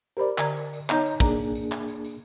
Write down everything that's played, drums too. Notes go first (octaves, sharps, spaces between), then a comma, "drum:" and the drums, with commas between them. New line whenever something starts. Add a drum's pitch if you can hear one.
G4 A#4 C5 D5 B5
D3 A#5 G#6, drum: clap
drum: tambourine
drum: tambourine
B3 D#4 C#5 D#5 A#5 G6, drum: clap
drum: tambourine
A#3 D4 G#4 A#5, drum: kick, tambourine
drum: tambourine
drum: tambourine
drum: clap
drum: tambourine
drum: tambourine